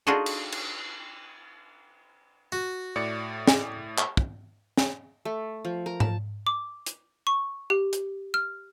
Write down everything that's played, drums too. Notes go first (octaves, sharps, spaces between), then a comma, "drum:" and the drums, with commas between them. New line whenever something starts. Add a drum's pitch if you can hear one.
D4 D#4 F4 F#4 G#4 A4
drum: cymbal
drum: cymbal
F#4
A2 D5 C#7
drum: snare
drum: clap
drum: kick
drum: snare
A3
F3
A#4
A5, drum: tom G#2
D6
drum: hi-hat
C#6
G4
drum: hi-hat
F6